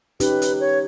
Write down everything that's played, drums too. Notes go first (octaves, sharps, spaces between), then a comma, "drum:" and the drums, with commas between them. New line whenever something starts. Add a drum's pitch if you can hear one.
C#4 D#4 G4 B4, drum: hi-hat
drum: hi-hat
C#5